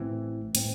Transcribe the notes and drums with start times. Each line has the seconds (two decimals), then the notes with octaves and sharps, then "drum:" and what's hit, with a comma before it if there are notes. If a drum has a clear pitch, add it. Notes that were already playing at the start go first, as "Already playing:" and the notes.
Already playing: A1 A2 E3 C4
0.55 A2 E3 C4, drum: hi-hat